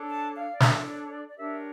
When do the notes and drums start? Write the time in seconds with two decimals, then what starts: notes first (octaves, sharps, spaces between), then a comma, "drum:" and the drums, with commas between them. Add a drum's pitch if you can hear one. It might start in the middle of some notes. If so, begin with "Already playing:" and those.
Already playing: D4 A4 C#5
0.10 A5
0.35 F5
0.52 D5
0.60 D4 A4 C#5 E5, drum: snare
0.87 D5
1.05 C#5
1.11 D5
1.28 D5
1.37 D4 G4 A#4 C#5 E5